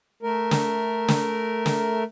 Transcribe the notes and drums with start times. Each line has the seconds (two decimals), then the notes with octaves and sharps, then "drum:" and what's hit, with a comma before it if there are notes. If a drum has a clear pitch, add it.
0.23 A3 A#4
0.51 drum: snare
1.08 drum: snare
1.66 drum: snare